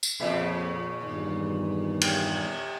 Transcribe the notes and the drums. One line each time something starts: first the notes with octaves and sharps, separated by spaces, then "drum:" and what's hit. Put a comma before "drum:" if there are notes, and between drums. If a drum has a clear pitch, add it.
drum: tambourine
F2 A#2 C#3 E5
E2 G2 D#3
drum: cymbal